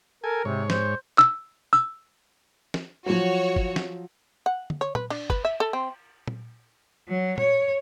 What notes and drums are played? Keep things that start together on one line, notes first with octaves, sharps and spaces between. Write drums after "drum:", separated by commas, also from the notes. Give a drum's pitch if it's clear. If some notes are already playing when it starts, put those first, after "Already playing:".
A4 A#4 G#5
G#2 C3 C#5
C5, drum: snare
E6, drum: clap
E6, drum: tambourine
drum: snare
F3 F#3 F#4 C#5
drum: kick G1
drum: snare
F#5
drum: tom
C#5
B4, drum: tom A#2
D4, drum: cymbal
B4, drum: kick G1
E5
A4
C4
drum: tom A#2
F#3
C#5, drum: tom A#2